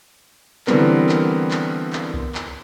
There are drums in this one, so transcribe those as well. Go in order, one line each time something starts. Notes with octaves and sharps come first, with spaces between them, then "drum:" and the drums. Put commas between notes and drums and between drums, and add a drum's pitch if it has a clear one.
D3 E3 G3 B3 C4 A#4, drum: clap
drum: clap
drum: clap
drum: clap
drum: kick C2
drum: clap